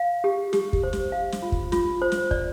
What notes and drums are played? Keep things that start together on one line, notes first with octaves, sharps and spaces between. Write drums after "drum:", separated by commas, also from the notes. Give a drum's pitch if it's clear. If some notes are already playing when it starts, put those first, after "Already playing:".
Already playing: F5
G4
G4, drum: snare
drum: kick
C5
drum: snare
F5
drum: snare
F4
drum: kick
F4, drum: snare
C5
drum: snare
D5, drum: kick